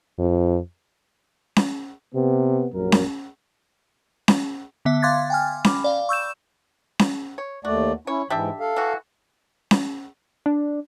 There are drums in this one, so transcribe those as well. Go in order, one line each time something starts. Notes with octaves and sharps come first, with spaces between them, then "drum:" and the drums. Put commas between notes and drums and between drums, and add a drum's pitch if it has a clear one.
F2
drum: snare C#4
C3 B3
A#1 F#2 F#3 A#4
drum: snare C#4
drum: snare C#4
D3 B3 E5
F5 C6 D6 F#6 G#6 A6
G5 G#5 F6
B5 D6, drum: snare C#4
D5 F5
C#6 E6 G6 E7
drum: snare C#4
C#5
D#2 A3 F#4 D5
C#4 E4 C#5
G#2 E3 G3 D4 E5
A4 F5
E3 F#4
drum: snare C#4
D4